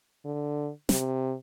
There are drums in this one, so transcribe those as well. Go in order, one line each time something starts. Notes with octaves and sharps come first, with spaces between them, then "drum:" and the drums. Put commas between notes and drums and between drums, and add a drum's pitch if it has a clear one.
D3
C3, drum: snare